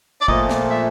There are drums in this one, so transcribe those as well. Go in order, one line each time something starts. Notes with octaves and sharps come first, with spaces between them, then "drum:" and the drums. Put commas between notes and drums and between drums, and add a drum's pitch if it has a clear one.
D5
A#2 F3 A3 D#5, drum: kick
drum: snare
E5